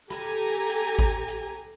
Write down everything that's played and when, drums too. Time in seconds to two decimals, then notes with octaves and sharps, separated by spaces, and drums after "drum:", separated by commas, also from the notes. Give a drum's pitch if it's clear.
0.10 G4 A4 G#5 A#5, drum: rim click
0.69 drum: hi-hat
0.99 drum: kick G#1
1.28 drum: hi-hat